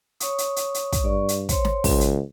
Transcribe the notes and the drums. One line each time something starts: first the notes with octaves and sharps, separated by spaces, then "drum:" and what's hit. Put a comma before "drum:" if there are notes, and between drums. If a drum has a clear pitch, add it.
C#5 C#6 D#6, drum: hi-hat
drum: hi-hat
drum: hi-hat
drum: hi-hat
drum: kick, hi-hat
G2 D5 C#6
drum: hi-hat
C5 C#5 C6, drum: kick, hi-hat
drum: snare
C#2, drum: kick, open hi-hat
drum: hi-hat